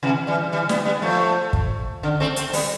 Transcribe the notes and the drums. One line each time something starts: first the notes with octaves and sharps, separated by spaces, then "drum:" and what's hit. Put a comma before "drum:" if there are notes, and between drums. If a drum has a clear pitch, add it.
C3 E3
E3 G3
E3 G3
G3 B3, drum: snare
G3 B3
F3 A3
drum: kick
D3
A3 C4
A3 C4, drum: hi-hat
G3 B3, drum: open hi-hat